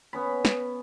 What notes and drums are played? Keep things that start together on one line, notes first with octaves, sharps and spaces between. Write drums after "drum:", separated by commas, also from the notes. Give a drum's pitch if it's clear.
B3 C#4 B5
drum: snare